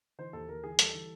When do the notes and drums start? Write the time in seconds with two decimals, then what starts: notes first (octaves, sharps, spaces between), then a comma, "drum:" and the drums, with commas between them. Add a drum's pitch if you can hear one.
0.19 E3 C5
0.33 D#2 A4
0.49 D#2 A#4
0.64 E3 G#4
0.79 G3 A4, drum: hi-hat
0.94 E3